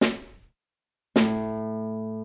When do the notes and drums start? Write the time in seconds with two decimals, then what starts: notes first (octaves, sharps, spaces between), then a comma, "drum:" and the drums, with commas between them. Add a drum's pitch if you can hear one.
0.01 drum: snare
1.16 A2, drum: snare